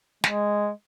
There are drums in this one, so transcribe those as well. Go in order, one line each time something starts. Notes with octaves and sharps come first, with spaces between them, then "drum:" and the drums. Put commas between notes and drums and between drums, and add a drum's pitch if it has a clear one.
G#3, drum: snare